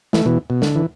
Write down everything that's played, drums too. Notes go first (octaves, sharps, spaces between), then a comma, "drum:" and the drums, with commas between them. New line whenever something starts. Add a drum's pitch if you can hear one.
E3 A3, drum: snare
B2 E3
B2
D3, drum: snare
E3